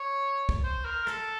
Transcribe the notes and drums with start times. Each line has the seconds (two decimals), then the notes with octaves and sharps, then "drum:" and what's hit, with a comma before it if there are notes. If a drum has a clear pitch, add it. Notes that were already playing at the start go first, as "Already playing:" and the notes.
Already playing: C#5
0.49 drum: kick
0.63 C5
0.85 A#4
1.07 A4, drum: rim click